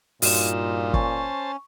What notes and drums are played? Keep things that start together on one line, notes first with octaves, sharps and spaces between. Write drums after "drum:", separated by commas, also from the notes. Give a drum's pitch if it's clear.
G2 A#2 D#4 F4 F#4 E7, drum: open hi-hat
C#4 C5 A5 C#6, drum: kick